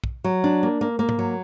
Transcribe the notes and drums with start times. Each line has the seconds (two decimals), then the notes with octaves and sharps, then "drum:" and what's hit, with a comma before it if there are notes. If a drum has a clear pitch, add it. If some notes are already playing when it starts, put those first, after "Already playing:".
0.04 drum: kick
0.24 F#3
0.44 D4
0.63 A#3
0.81 A#3
0.99 A#3
1.09 drum: tom G#2
1.19 F#3